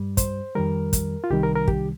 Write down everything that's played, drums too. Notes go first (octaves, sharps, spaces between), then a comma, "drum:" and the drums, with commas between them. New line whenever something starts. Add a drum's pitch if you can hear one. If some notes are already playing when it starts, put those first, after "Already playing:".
Already playing: G2 G3
C5, drum: kick, hi-hat
F2 D#3 G3 A#4
drum: kick, hi-hat
F4
C2 C3 D#3 G3 G4
A#4
A#4
G4, drum: kick